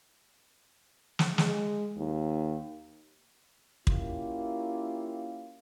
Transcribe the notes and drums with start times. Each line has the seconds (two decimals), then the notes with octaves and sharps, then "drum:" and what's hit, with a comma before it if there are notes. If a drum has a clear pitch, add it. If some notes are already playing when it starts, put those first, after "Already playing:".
1.19 drum: snare
1.38 G#3, drum: snare
1.97 D#2
3.87 A#3 C#4 E4 F4 G4 A#4, drum: kick